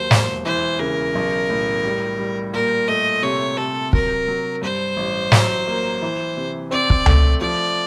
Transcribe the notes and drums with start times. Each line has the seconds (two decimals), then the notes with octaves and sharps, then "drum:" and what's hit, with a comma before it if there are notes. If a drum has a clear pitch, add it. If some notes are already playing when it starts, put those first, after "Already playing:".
Already playing: D#2 F#3 C5
0.11 E1, drum: snare
0.45 E3 C5
0.80 C#3 A#4
1.15 B1
1.50 A2
1.84 G3
2.18 G3
2.53 A#2 A#4
2.88 A3 D#5
3.23 C3 C#5
3.57 C3 A4
3.93 F#3 A#4, drum: kick
4.28 F#3
4.62 G2 C5
4.97 A1
5.32 F#3, drum: snare
5.67 A#3
6.02 E3
6.37 C3
6.71 C4 D5
6.90 drum: kick
7.06 A3, drum: tom C#2
7.41 F3 D5